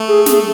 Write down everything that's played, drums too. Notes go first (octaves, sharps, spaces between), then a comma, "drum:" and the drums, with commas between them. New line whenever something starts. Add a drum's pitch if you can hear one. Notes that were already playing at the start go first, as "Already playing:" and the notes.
Already playing: A3
G#4
G#4, drum: snare